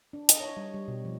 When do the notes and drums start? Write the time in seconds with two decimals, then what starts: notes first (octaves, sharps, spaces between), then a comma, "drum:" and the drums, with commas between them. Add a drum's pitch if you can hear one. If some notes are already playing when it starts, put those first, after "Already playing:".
0.13 D4
0.29 D#5, drum: hi-hat
0.40 C#5
0.57 G3
0.74 G3
0.88 B2
1.05 F3